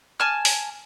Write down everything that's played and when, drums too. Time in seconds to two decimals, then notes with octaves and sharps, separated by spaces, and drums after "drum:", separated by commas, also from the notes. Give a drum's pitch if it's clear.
0.20 G#5 A5 F6
0.45 drum: open hi-hat